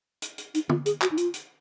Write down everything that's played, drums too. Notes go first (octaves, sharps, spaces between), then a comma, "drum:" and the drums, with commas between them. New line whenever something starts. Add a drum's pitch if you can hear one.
drum: hi-hat
drum: hi-hat
D#4, drum: hi-hat
F4, drum: tom
G#4, drum: hi-hat
F#4, drum: clap
D#4
F4, drum: hi-hat
drum: hi-hat